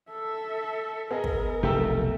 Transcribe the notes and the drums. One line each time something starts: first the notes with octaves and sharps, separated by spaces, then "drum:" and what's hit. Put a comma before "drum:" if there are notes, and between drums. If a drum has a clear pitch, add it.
A4 E5
B3 G#4 A#4 D#5
drum: kick
F1 B1 A3 G4 A4 E5